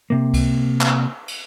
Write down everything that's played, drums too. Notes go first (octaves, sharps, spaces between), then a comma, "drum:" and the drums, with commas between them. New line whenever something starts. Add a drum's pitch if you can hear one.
C3 A#3
drum: kick C#2, cymbal
drum: clap
drum: cymbal